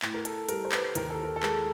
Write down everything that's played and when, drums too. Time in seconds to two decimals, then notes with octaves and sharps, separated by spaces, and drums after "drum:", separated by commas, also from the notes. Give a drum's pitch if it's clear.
0.02 A2, drum: clap
0.14 A#4
0.25 A4, drum: hi-hat
0.49 G3 A#4, drum: hi-hat
0.65 C5
0.72 B4, drum: clap
0.95 D#2 A#4, drum: hi-hat
1.10 A4
1.23 A#4
1.36 A4
1.43 G#3 A#4, drum: clap